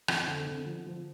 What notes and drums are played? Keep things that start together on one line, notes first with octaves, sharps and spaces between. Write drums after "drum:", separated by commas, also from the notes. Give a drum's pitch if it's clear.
F2, drum: rim click
D3
D3
F3
F3